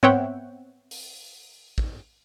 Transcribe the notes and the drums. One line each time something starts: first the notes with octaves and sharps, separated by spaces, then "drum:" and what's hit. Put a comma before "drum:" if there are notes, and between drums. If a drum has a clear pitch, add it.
B3 C4 C#5 E5 F#5 G5, drum: tom G#2
drum: open hi-hat
drum: kick A1